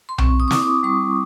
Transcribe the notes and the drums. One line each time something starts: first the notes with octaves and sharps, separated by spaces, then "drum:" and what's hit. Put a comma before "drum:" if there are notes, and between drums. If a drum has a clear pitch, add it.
C6
C4 C#6, drum: tom B1
D#6
D6
E4 D#6, drum: snare
D6
G3 C#6